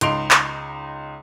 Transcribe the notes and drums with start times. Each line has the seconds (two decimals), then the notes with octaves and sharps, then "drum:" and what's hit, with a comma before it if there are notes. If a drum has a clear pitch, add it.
0.01 C#2 D#4 C6 D7 F7, drum: hi-hat
0.31 drum: clap